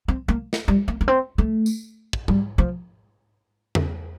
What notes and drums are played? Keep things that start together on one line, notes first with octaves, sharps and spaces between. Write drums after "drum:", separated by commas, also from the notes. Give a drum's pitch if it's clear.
C4
A#3
drum: snare
G3
A#3
A#3
C4
A3
drum: tambourine
drum: kick
G3, drum: tom G#2
F3
drum: tom E2